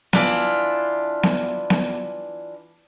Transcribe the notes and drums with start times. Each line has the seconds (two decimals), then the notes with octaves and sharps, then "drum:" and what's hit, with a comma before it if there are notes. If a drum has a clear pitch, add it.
0.13 E3 D4 F4, drum: snare B3
1.23 drum: snare B3
1.70 drum: snare B3